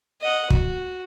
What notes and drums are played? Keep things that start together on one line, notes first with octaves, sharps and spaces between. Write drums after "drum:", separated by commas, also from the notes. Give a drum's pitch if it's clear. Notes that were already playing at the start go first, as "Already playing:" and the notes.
D#5 F#5
F#4, drum: kick